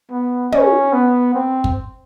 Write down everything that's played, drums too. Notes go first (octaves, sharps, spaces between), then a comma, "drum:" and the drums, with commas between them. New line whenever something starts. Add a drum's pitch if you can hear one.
B3
C#4, drum: tom
B3
C4
drum: kick